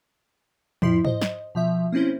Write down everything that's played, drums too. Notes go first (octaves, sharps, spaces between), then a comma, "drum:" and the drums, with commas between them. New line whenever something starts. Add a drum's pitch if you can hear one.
F2 F3 E4 C6 C7, drum: tom
C5 D#5, drum: tom
drum: snare
B2 F3 E5
A#3 C4 C#4 E4 C5